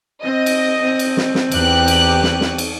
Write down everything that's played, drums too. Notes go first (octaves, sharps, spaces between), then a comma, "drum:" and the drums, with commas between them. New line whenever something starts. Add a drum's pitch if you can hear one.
C4 D#5
drum: cymbal
C4
drum: cymbal
drum: snare
drum: snare
E2 G4 F#6, drum: cymbal
drum: cymbal
drum: snare
drum: snare
drum: cymbal